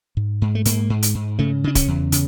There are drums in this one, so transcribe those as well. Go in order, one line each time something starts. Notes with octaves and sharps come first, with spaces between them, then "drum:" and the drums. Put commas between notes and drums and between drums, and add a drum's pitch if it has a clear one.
G#2
G#2
A3
G#2 A#3, drum: hi-hat
G#2
drum: hi-hat
G#2
C#3 A3
C#3 D4
C#4, drum: kick, hi-hat
E2
C#3, drum: hi-hat